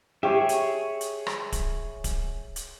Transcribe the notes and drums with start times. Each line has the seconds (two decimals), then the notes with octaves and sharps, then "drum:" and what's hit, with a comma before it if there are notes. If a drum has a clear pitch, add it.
0.23 G4 G#4 C#5 E5
0.49 drum: hi-hat
1.01 drum: hi-hat
1.27 drum: rim click
1.52 drum: kick D1, hi-hat
2.04 drum: kick D1, hi-hat
2.56 drum: hi-hat